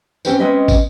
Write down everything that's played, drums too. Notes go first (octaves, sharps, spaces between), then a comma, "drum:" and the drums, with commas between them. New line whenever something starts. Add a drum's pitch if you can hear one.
C4 C#4 G4 B4 C5, drum: tambourine
G#3 C4 C#4 B4 D#5 E5
drum: kick, tambourine